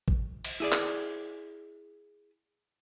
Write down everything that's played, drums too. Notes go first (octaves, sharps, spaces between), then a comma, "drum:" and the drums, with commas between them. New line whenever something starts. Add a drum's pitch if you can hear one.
drum: kick
drum: cymbal
E4 G#4 D5
drum: clap